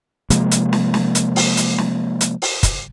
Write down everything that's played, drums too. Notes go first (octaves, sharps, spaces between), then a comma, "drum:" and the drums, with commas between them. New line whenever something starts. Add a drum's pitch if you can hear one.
C3 F3 G#3 A#3, drum: hi-hat
drum: hi-hat
drum: snare
drum: snare
drum: hi-hat
drum: open hi-hat
drum: hi-hat
drum: snare
drum: hi-hat
drum: open hi-hat
drum: kick, hi-hat